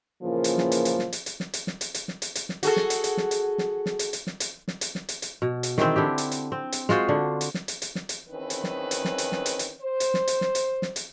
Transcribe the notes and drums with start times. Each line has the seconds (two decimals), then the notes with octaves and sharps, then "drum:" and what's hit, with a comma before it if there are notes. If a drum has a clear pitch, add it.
0.23 A#2 C#3 E3 F3 A#3
0.44 drum: hi-hat
0.58 drum: snare
0.72 drum: hi-hat
0.85 drum: hi-hat
0.99 drum: snare
1.13 drum: hi-hat
1.26 drum: hi-hat
1.40 drum: snare
1.53 drum: hi-hat
1.67 drum: snare
1.81 drum: hi-hat
1.94 drum: hi-hat
2.08 drum: snare
2.22 drum: hi-hat
2.35 drum: hi-hat
2.49 drum: snare
2.63 F#4 G#4 A4, drum: hi-hat
2.76 drum: snare
2.90 drum: hi-hat
3.04 drum: hi-hat
3.17 drum: snare
3.31 drum: hi-hat
3.58 drum: snare
3.86 drum: snare
3.99 drum: hi-hat
4.13 drum: hi-hat
4.27 drum: snare
4.40 drum: hi-hat
4.68 drum: snare
4.81 drum: hi-hat
4.95 drum: snare
5.09 drum: hi-hat
5.22 drum: hi-hat
5.42 B2
5.63 drum: hi-hat
5.78 D#3 E3 G#3 C4, drum: snare
5.96 D3 D4 E4 G4
6.18 drum: hi-hat
6.31 drum: hi-hat
6.52 C4
6.72 drum: hi-hat
6.89 G#3 F4 F#4 C5, drum: snare
7.09 D3 D4
7.41 drum: hi-hat
7.54 drum: snare
7.68 drum: hi-hat
7.82 drum: hi-hat
7.95 drum: snare
8.09 drum: hi-hat
8.30 E2 D#3 C4 C#4 B4
8.50 drum: hi-hat
8.64 drum: snare
8.91 drum: hi-hat
9.05 drum: snare
9.18 drum: hi-hat
9.32 drum: snare
9.46 drum: hi-hat
9.59 drum: hi-hat
9.81 C5
10.00 drum: hi-hat
10.14 drum: snare
10.28 drum: hi-hat
10.41 drum: snare
10.55 drum: hi-hat
10.82 drum: snare
10.96 drum: hi-hat